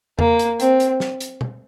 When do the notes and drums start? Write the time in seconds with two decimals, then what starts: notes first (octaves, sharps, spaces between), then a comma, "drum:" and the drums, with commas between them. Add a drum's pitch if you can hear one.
0.19 A#3, drum: tom E2
0.39 drum: hi-hat
0.60 C4, drum: hi-hat
0.80 drum: hi-hat
1.00 drum: snare
1.20 drum: hi-hat
1.41 drum: tom B2